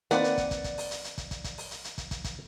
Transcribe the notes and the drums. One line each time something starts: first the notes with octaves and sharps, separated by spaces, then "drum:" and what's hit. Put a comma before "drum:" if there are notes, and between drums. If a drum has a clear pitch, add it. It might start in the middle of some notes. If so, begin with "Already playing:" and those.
D#3 A#3 C4 B4 D5 F#5, drum: hi-hat
drum: hi-hat
drum: kick, hi-hat
drum: kick, hi-hat
drum: kick, hi-hat
drum: open hi-hat
drum: hi-hat
drum: hi-hat
drum: kick, hi-hat
drum: kick, hi-hat
drum: kick, hi-hat
drum: open hi-hat
drum: hi-hat
drum: hi-hat
drum: kick, hi-hat
drum: kick, hi-hat
drum: kick, hi-hat